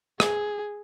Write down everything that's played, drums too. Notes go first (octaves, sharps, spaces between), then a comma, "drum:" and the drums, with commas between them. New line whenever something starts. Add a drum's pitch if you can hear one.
G#4, drum: rim click